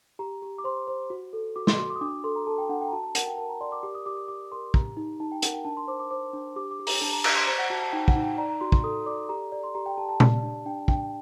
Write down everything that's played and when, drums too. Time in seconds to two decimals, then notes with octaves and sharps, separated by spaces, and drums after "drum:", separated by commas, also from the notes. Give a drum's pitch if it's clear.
0.19 G4 A#5
0.42 G4
0.58 D6
0.64 C5 C6
0.87 C5
1.10 F#4
1.33 A4
1.56 F#4 D6
1.67 C6, drum: snare
1.78 F#4 C6
1.90 D6
1.96 D#6
2.01 D4 D6
2.24 A4 C6
2.36 A#5
2.47 A4 A5
2.58 G5
2.69 D4 F#5
2.81 G5
2.88 A#5
2.92 F#4 A5
3.04 A5
3.15 A#4 F#5, drum: hi-hat
3.26 G5
3.38 A#4 A5
3.49 A#5
3.61 D5 C6
3.72 D6
3.83 G4 D6
3.95 D#6
4.06 G4 D6
4.17 D6
4.28 G4 D6
4.52 A#4 C6
4.74 G4 A#5, drum: kick
4.97 D#4
5.20 D#4 A5
5.32 G5
5.42 A#4 F#5, drum: hi-hat
5.54 G5
5.65 D4 A5
5.77 C6
5.88 C5 D6
6.00 D6
6.11 C5 D6
6.33 D4
6.56 G4 D6
6.71 D6
6.80 G4
6.87 A#5, drum: open hi-hat
7.01 D4 A5
7.13 A#5
7.24 G4 A#5, drum: cymbal
7.36 C6
7.47 C5 A#5
7.59 F#5
7.70 F#4 A5
7.81 A5
7.92 D#4 G5
8.08 F#5, drum: kick
8.15 D#4
8.23 G5
8.38 D5 A#5
8.50 A#5
8.61 F#4 C6
8.72 C6, drum: kick
8.84 A4 D#6
9.06 D5 D6
9.29 G4 A#5
9.52 D5
9.64 C6
9.75 G4 A#5
9.86 G5
9.97 G4 A5
10.09 A5
10.20 D5, drum: tom A#2
10.43 D4
10.66 D4 G5
10.88 D4 G5, drum: kick